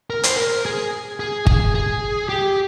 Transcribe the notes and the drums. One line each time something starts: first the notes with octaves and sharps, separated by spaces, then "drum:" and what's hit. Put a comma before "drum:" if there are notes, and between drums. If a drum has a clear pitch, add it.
A#4
C5, drum: hi-hat
A#4
G#4
G#4
G#4, drum: kick
G#4
G4